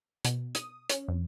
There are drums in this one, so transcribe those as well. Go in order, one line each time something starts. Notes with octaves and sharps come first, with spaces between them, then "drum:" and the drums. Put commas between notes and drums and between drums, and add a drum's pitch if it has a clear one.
B2, drum: hi-hat
D#6, drum: hi-hat
C#4, drum: hi-hat
F2